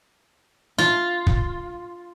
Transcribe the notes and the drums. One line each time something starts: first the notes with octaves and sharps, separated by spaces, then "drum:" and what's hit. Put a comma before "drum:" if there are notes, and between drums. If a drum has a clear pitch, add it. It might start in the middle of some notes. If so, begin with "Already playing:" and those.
F4
drum: kick